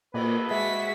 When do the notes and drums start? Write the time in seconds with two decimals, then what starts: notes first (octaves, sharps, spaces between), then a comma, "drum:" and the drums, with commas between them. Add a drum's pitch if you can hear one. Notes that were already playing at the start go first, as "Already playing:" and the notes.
0.14 A#2 B4, drum: cymbal
0.51 G#3 F#4 E5 B6